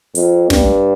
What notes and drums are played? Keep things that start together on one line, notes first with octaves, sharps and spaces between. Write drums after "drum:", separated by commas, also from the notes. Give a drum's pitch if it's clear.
F2, drum: hi-hat
G2, drum: snare